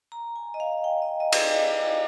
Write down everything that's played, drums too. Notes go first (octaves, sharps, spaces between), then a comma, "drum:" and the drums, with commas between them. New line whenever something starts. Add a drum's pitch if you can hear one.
A#5
G#5
D#5
F5
G5
D#5
D#5
D5, drum: cymbal
D#5